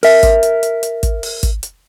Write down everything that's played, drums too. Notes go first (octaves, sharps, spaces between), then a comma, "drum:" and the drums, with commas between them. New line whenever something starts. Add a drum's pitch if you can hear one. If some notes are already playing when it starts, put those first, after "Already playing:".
A#4 E5, drum: open hi-hat
drum: kick, hi-hat
drum: hi-hat
drum: hi-hat
drum: hi-hat
drum: kick, hi-hat
drum: open hi-hat
drum: kick, hi-hat
drum: hi-hat